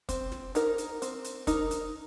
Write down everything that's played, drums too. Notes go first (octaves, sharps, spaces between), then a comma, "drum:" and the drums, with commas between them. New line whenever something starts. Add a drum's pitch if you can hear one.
C4, drum: kick, hi-hat
drum: snare
D#4 A#4, drum: hi-hat
drum: hi-hat
C4, drum: hi-hat
drum: hi-hat
D#4 A#4, drum: kick, hi-hat
drum: hi-hat